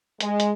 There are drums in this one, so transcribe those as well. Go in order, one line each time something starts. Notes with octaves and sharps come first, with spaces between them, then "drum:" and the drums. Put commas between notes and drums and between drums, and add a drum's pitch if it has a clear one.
G#3, drum: hi-hat
drum: hi-hat